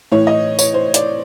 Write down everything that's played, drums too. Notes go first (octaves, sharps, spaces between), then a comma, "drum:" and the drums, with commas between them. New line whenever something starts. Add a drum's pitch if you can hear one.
A2 E3 C#5
D#5
C#5, drum: tambourine
C5
D5, drum: hi-hat